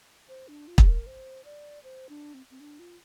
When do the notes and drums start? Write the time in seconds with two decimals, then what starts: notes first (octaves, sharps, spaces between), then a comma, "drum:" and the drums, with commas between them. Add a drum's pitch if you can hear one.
0.29 C5
0.48 D4
0.68 F4
0.78 G4, drum: kick
0.88 A#4
1.06 C5
1.45 D5
1.84 C5
2.09 D4
2.34 C4
2.51 C4
2.60 D4
2.79 F4